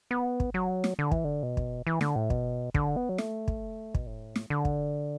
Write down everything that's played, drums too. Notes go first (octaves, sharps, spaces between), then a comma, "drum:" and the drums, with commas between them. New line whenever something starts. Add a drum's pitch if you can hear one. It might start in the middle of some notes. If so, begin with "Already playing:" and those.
B3
drum: kick
F#3
drum: snare
D3
E3, drum: kick
D3
B2
drum: kick
E3
D3, drum: snare
A2
B2, drum: kick
D3, drum: kick
B3
F#3
A3, drum: snare
drum: kick
B2, drum: kick
A2
drum: snare
D3
drum: kick